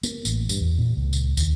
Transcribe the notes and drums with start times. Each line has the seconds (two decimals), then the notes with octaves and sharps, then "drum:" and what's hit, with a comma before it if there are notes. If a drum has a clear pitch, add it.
0.03 A#3, drum: tambourine
0.25 A1, drum: tambourine
0.49 G2, drum: tambourine
0.61 E2
0.79 A#2
0.97 C#2
1.13 drum: tambourine
1.37 D#2, drum: tambourine